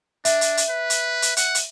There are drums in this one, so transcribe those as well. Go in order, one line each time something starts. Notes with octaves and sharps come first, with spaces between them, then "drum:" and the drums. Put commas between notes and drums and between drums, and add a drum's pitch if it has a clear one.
D4 E5, drum: hi-hat
drum: hi-hat
drum: hi-hat
B4
drum: hi-hat
drum: hi-hat
F#5, drum: hi-hat
drum: hi-hat